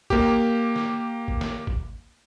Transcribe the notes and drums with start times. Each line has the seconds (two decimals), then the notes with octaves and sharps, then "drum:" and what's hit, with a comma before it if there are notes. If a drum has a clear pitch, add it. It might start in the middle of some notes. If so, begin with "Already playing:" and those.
0.10 A#3 G4, drum: kick G#1
0.76 drum: snare
1.28 drum: kick G#1
1.41 drum: snare
1.67 drum: kick G#1